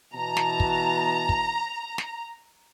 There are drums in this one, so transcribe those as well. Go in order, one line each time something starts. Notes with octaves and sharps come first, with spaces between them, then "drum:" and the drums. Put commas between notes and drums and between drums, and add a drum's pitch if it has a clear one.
B2 E3 A5 A#5
drum: snare
drum: kick
drum: kick
drum: snare